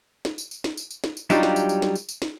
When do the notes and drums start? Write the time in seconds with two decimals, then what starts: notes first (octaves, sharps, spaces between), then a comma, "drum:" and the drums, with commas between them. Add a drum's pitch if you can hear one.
0.25 drum: snare
0.38 drum: tambourine
0.51 drum: tambourine
0.64 drum: snare
0.77 drum: tambourine
0.91 drum: tambourine
1.04 drum: snare
1.17 drum: tambourine
1.30 F#3 G3 D4 D#4 F4 G4, drum: tambourine
1.43 drum: snare
1.56 drum: tambourine
1.69 drum: tambourine
1.82 drum: snare
1.95 drum: tambourine
2.09 drum: tambourine
2.22 drum: snare